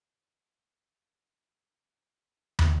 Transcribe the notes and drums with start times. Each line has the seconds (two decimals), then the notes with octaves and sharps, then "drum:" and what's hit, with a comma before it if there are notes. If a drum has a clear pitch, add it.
0.24 D#5 D6
2.11 D4 G#4
2.59 drum: tom